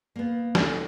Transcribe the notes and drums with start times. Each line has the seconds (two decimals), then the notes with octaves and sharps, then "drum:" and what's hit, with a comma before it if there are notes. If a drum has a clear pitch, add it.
0.16 A#3 B3
0.55 D2 D#4 A4 G#5, drum: snare